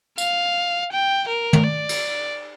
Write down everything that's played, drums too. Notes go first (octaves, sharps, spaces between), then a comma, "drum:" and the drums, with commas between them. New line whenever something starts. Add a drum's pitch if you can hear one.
F5, drum: tambourine
G5
A#4
drum: tom
D5
drum: cymbal